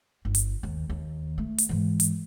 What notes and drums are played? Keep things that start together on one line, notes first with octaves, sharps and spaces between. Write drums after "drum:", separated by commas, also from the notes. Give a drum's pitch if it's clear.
G1
drum: hi-hat
D#2
D#2
A3
drum: hi-hat
G#2 E3
drum: hi-hat